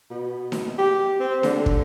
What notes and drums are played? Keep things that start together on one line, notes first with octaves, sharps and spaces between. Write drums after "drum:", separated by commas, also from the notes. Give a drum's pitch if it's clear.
B2
drum: snare D#4
G4
C4
D3, drum: snare D#4
drum: kick